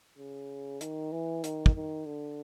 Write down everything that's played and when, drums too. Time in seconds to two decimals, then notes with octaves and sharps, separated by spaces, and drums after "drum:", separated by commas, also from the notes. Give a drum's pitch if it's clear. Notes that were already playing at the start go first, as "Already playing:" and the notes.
0.18 C#3
0.81 D#3, drum: hi-hat
1.12 E3
1.44 D#3, drum: hi-hat
1.66 drum: kick
1.75 D#3
2.06 D3